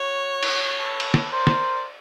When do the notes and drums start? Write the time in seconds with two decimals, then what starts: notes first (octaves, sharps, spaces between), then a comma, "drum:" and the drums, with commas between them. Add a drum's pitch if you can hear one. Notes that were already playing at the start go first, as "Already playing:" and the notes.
Already playing: F#4 C#5
0.43 drum: cymbal
0.79 A4 B4
1.00 drum: cymbal
1.14 drum: snare
1.31 A#4 C5 D5
1.47 drum: snare